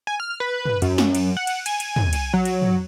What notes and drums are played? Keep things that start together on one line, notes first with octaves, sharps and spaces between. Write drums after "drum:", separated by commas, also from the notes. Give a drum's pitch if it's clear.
G#5
F6
B4
drum: tom
F#2, drum: cymbal
drum: snare
drum: cymbal
F#5
drum: cymbal
G#5, drum: cymbal
drum: cymbal
drum: tom
drum: cymbal
F#3
drum: cymbal
drum: tom